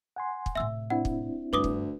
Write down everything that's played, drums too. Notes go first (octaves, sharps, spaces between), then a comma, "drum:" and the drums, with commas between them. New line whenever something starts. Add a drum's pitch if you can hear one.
F#5 G#5 C6
drum: kick
A2 C3 E5 E6
C4 D4 E4 F#5
drum: kick
D2 G2 B4 D6 D#6
drum: kick